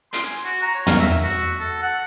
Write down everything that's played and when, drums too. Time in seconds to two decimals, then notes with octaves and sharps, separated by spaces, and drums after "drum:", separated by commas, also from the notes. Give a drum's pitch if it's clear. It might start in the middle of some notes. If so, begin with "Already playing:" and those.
0.13 C6, drum: hi-hat
0.25 G#5
0.44 F#4
0.62 A#5
0.75 C#5
0.87 A#4, drum: tom
0.99 E5
1.23 F#4
1.60 A4
1.82 F#5